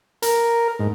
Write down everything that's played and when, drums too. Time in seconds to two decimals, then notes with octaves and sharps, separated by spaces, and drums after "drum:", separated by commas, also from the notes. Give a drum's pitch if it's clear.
0.22 A#4, drum: hi-hat
0.79 G#2